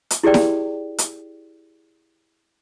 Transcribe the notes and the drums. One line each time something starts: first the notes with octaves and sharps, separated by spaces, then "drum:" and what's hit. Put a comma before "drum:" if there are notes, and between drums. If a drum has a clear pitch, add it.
drum: hi-hat
E4 G4 G#4 D5 G5
drum: snare E4
drum: hi-hat